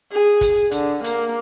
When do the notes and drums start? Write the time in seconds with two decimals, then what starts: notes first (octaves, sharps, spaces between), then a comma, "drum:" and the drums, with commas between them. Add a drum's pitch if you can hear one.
0.13 G#4
0.41 drum: kick, hi-hat
0.71 D3, drum: hi-hat
1.04 A#3, drum: hi-hat